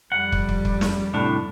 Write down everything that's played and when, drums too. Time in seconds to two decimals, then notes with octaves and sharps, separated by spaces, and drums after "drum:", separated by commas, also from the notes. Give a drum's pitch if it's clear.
0.12 F2 G3 F#5
0.32 drum: kick
0.49 drum: kick
0.65 drum: kick
0.81 drum: snare
1.14 C2 A2 D4